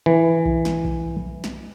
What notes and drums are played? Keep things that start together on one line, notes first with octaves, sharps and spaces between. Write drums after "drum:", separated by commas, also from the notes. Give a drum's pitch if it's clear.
E3
drum: kick B1
drum: snare
drum: kick B1
drum: snare